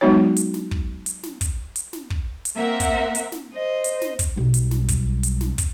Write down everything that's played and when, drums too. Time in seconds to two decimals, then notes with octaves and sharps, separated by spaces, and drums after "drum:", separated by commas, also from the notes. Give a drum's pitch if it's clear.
0.01 F#3 G#3 B3 D#4 F#4 C#5
0.37 drum: hi-hat
0.54 drum: snare
0.71 drum: kick
1.06 drum: hi-hat
1.23 drum: snare
1.41 drum: kick, hi-hat
1.76 drum: hi-hat
1.93 drum: snare
2.10 drum: kick
2.45 drum: hi-hat
2.56 A#3 C4 A#4 E5 F#5
2.80 drum: kick, hi-hat
3.15 drum: hi-hat
3.32 drum: snare
3.54 C5 D#5
3.84 drum: hi-hat
4.02 drum: snare
4.19 drum: kick, hi-hat
4.36 B1 G3
4.54 drum: hi-hat
4.71 drum: snare
4.88 drum: kick, hi-hat
5.23 drum: hi-hat
5.41 drum: snare
5.58 drum: kick, hi-hat